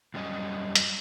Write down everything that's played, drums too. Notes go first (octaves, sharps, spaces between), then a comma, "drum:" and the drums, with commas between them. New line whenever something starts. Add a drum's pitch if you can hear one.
F#2 G3 C#4 D#5 G#5
drum: hi-hat